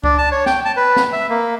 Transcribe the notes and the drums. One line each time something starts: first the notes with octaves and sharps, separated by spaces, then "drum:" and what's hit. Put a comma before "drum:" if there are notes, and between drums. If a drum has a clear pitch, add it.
D4, drum: kick C#2
A5
C#5
G5, drum: snare
A5
B4
drum: snare
E5
A#3